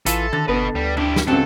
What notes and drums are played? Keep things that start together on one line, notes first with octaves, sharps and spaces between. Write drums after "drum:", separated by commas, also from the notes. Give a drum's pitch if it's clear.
A1 E3 F4 A4, drum: hi-hat
D3 D#3 A6
G1 B3 B4 D#5
D2 G3
G2 D4 E4 G4
drum: snare
C#2 C3 F#3 C4 D4 A4